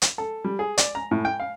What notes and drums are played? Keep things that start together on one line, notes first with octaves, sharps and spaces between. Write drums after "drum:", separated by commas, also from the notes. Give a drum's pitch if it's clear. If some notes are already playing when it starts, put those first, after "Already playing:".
drum: hi-hat
A4
G3
G#4
D5, drum: hi-hat
A#5
A2
G5
F5